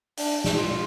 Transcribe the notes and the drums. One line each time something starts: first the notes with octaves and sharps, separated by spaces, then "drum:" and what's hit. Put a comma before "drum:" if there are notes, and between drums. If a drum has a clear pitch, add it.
D4, drum: open hi-hat
drum: snare
F4